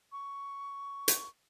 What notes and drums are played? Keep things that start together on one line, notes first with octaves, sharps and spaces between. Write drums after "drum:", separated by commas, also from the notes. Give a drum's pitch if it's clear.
C#6
drum: hi-hat